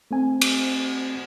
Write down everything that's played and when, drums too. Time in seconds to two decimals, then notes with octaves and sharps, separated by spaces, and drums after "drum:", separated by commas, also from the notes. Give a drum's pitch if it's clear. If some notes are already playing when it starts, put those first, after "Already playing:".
0.11 A3 C4 G#5
0.42 drum: cymbal